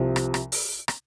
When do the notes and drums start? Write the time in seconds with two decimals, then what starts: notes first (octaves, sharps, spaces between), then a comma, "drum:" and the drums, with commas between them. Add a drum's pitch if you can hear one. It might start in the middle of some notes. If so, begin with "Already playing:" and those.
Already playing: C2 C3 F3
0.16 drum: rim click
0.34 drum: rim click
0.52 drum: open hi-hat
0.88 drum: rim click